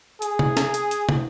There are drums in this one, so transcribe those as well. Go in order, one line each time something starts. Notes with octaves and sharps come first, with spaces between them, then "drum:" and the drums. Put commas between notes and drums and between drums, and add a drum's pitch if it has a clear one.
G#4, drum: hi-hat
drum: tom
drum: snare
drum: hi-hat
drum: hi-hat
drum: tom